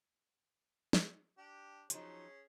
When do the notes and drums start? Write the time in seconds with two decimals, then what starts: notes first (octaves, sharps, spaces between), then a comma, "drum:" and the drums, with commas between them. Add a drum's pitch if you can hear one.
0.93 drum: snare
1.38 D4 G4
1.90 F3 F#3 C#4 D#4 G#4, drum: hi-hat